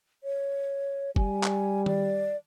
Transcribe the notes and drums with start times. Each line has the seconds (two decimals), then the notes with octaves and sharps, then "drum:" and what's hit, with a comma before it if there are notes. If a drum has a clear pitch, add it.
0.24 C#5
1.16 G3 G#5, drum: kick F#1
1.44 drum: clap
1.86 D5, drum: tom D#3